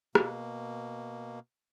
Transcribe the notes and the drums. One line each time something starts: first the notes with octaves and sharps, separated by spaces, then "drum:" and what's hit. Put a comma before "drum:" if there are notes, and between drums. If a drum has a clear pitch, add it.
B2 A#3, drum: rim click